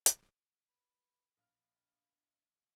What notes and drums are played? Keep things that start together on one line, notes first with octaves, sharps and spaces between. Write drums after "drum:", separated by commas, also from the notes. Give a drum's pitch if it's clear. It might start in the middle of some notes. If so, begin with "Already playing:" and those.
drum: hi-hat
B4
A#1 B3 F5 F6